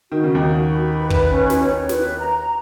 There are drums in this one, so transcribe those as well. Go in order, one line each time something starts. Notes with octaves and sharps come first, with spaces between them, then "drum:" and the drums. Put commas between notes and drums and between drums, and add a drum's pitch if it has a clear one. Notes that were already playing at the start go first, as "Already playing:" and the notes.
D#3 F#4
C#3
D#2 D#3
F#4
B5
B4
drum: kick
C#4
drum: snare
C#5
B4, drum: snare
A#5